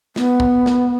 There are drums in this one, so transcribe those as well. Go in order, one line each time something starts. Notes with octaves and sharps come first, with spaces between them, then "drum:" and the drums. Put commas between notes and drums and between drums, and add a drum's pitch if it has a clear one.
B3, drum: snare
drum: kick
drum: snare